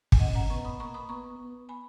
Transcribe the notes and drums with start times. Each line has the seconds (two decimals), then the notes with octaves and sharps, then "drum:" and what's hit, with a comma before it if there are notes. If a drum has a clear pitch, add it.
0.12 G#5, drum: kick
0.19 C#4 D#5 F#5
0.35 F#5 A#5
0.50 B3 A#5 C#6
0.65 B5 D#6
0.79 A#3 A#5 C#6
0.94 B5 D#6
1.09 B3 A#5 C#6
1.39 B3
1.69 G#5 B5